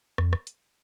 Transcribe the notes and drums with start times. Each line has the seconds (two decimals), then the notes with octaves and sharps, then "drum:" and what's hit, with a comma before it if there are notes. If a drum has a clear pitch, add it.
0.18 F2, drum: rim click
0.33 drum: rim click
0.47 drum: hi-hat